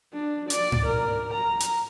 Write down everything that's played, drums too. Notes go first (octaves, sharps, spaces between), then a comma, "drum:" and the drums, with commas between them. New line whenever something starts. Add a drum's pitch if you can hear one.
D4
D5, drum: hi-hat
drum: tom G#2
A#4
A#5
drum: hi-hat